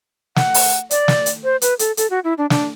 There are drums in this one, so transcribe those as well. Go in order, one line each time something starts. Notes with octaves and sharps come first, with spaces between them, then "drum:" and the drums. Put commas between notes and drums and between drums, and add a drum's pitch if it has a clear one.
F#5, drum: snare
drum: open hi-hat
D5, drum: hi-hat
drum: snare
drum: hi-hat
C5
B4, drum: hi-hat
A4, drum: hi-hat
A4, drum: hi-hat
F#4
E4
D4
D4, drum: snare